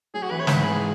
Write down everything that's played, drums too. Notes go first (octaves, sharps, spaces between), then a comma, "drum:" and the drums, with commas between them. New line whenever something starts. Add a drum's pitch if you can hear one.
F#3 G#4
F#4
E3 B4
C#5
G#2 B4, drum: snare
G#4